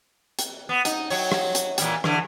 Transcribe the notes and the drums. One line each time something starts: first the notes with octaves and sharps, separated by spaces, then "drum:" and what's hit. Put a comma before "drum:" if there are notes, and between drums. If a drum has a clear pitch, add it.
drum: hi-hat
B3
D#4, drum: hi-hat
F#3 C#5, drum: open hi-hat
drum: rim click
drum: hi-hat
A#2 E3 G3, drum: hi-hat
D3 E3, drum: rim click